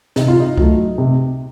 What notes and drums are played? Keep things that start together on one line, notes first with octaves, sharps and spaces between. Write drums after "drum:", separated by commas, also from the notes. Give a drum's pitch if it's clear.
C3 D#4, drum: snare
F4
D#4
F#3 A3, drum: kick C2
C3